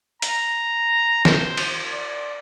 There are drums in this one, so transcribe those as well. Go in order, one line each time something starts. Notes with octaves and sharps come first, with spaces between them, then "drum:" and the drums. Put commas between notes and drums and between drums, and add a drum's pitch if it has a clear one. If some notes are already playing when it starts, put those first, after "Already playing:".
A#5, drum: hi-hat
C5, drum: snare
drum: cymbal
D5